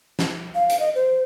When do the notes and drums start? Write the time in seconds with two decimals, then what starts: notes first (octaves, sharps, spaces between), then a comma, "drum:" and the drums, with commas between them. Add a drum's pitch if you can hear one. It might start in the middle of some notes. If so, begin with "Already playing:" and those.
0.19 drum: snare
0.55 F5
0.70 drum: hi-hat
0.80 D#5
0.95 C5